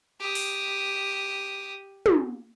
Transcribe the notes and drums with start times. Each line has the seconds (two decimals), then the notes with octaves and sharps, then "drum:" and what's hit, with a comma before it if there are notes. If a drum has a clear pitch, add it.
0.21 G4 D#6
0.35 drum: open hi-hat
2.06 drum: tom